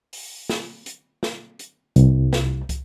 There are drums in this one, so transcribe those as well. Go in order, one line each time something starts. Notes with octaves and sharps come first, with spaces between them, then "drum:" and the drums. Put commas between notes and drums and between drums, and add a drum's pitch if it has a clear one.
drum: open hi-hat
drum: snare
drum: hi-hat
drum: snare
drum: hi-hat
C2, drum: hi-hat
drum: snare
drum: kick, hi-hat